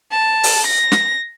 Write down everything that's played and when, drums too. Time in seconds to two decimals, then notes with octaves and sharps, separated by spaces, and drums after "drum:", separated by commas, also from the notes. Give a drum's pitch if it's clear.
0.12 A5
0.43 drum: open hi-hat
0.68 A#6
0.92 drum: snare